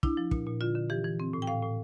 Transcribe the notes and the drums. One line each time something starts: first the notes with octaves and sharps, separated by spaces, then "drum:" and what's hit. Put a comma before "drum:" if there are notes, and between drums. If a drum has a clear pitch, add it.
D4 E4, drum: kick
F3
A#2, drum: kick
A#2
D3 F4
D3
E3 G4
E3
C4
A2
G5
A2 F5
A2